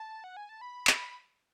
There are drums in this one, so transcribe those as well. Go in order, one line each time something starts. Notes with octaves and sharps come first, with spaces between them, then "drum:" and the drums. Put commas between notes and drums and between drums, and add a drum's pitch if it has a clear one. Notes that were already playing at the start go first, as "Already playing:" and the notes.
Already playing: A5
F#5
G#5
A5
B5
drum: clap